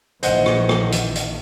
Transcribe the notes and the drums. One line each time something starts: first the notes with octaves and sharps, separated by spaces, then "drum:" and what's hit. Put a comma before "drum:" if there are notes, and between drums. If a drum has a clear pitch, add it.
A#1 D#3 E3 C5 D#5 F#5, drum: hi-hat
drum: rim click
drum: rim click
drum: hi-hat
drum: hi-hat